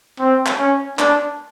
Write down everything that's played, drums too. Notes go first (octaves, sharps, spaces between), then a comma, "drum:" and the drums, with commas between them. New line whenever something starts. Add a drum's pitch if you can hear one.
C4
drum: clap
C#4
D4, drum: clap